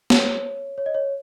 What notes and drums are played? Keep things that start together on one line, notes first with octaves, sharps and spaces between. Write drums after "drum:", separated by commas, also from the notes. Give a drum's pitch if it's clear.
C#5, drum: snare
C#5
D#5
C#5